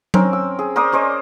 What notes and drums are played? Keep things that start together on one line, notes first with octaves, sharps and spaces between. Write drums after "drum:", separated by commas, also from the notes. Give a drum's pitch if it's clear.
C4 C#4 A#4, drum: tom F#3
E6
G#4
A#4 C5 D5 D#6
C#4 C5 D5 D#5